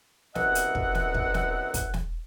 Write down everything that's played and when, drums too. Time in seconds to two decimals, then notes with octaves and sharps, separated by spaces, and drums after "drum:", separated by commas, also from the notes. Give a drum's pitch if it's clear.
0.35 C2 F#2 B2 D#5 E5 F#5, drum: snare
0.55 drum: hi-hat
0.75 drum: kick
0.95 drum: snare
1.14 drum: kick
1.34 drum: snare
1.74 drum: kick, hi-hat
1.94 drum: snare